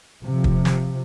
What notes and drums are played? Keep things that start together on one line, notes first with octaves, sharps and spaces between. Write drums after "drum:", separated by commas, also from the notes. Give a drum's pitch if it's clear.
C3 F3
drum: kick
drum: snare